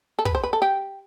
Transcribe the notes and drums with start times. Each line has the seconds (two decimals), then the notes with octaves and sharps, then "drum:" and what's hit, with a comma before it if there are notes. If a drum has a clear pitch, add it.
0.19 A4
0.25 B4, drum: kick
0.35 C5
0.43 B4
0.53 A4
0.62 G4